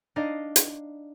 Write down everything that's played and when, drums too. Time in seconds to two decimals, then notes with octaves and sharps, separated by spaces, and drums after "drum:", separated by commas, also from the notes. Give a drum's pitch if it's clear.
0.16 D4 D#4 D5 D#5 F5
0.56 drum: hi-hat